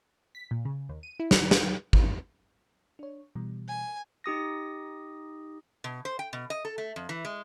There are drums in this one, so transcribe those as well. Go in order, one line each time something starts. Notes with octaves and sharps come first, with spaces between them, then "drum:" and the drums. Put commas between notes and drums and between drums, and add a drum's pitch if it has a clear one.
B6
A#2
C#3
D#2
D#7
E4
drum: snare
drum: snare
drum: kick
D4 C#5
B2 E3 G3
G#5
D#4 G4 D#6 A#6
B2
C5
G5
B2
D#5
A4
A3
F2
E3
G#3